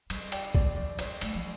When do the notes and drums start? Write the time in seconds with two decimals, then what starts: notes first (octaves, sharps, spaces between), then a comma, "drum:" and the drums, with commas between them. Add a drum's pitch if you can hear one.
0.10 G3, drum: cymbal
0.32 D5 G5, drum: cymbal
0.55 D5, drum: kick
0.76 F3 D5
0.99 G3 C5, drum: cymbal
1.21 A3 D5, drum: cymbal
1.35 F3